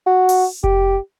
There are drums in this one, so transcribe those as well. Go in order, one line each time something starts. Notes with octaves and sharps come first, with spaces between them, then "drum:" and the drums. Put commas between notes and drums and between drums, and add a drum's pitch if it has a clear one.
F#4
drum: open hi-hat
G4, drum: kick F1